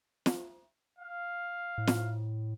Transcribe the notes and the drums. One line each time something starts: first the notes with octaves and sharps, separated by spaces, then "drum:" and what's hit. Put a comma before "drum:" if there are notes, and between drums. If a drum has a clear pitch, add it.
drum: snare
F5
A2
drum: snare